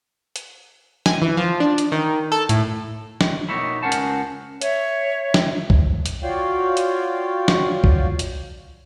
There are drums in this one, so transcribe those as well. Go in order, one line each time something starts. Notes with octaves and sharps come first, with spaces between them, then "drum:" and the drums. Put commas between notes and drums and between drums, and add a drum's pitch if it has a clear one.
drum: hi-hat
G#5, drum: snare
E3
F3
D4
drum: hi-hat
D#3
A4
A2, drum: hi-hat
drum: snare
B2 A#3 D#4 C#5 E5 B5
C#2 C#4 A#4 C5 F#5 A5
drum: hi-hat
C#5 E5, drum: hi-hat
drum: snare
drum: kick C2
drum: hi-hat
F4 F#4 C#5 D5 F5 G5
drum: hi-hat
drum: snare
drum: kick C2
drum: hi-hat